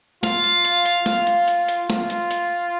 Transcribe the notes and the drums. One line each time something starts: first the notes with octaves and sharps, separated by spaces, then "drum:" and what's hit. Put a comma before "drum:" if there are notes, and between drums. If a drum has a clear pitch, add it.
F4 F5, drum: snare
drum: hi-hat
drum: hi-hat
drum: hi-hat
F4, drum: snare
drum: hi-hat
drum: hi-hat
drum: hi-hat
F4, drum: snare
drum: hi-hat
drum: hi-hat